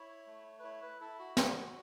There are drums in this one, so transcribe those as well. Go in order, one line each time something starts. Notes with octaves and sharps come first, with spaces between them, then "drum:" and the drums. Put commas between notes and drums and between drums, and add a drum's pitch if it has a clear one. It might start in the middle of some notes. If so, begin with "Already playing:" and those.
Already playing: E4 C#5
A3
B4
E4 C#5
B4
E4 A4
F#4
F#4, drum: snare